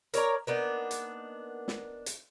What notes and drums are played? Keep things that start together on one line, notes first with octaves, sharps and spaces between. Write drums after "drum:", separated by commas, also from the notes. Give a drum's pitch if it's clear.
A#4 C#5 D5 A#5, drum: hi-hat
A#3 B3 D4 D#4
drum: hi-hat
drum: snare
drum: hi-hat